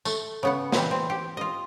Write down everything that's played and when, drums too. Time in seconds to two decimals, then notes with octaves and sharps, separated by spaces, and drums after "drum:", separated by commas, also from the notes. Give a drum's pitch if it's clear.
0.05 A3, drum: tambourine
0.43 C#3 B3 F#5
0.72 A#2 E3 G3, drum: snare
0.91 C4
1.10 G4
1.37 F4 D#5